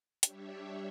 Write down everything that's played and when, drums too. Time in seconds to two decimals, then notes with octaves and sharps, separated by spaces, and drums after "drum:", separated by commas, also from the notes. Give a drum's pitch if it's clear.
0.23 G3 D4 G4 C#5 E5, drum: hi-hat